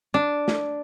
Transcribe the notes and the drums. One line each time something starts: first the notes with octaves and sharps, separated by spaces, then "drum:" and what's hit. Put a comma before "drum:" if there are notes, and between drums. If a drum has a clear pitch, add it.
D4
drum: snare